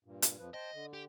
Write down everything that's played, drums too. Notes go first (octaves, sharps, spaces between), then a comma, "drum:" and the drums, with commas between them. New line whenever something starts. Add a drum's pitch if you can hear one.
G2 A#2
drum: hi-hat
F2 F3 B4
C5 D#5 G5 A5
D3
G4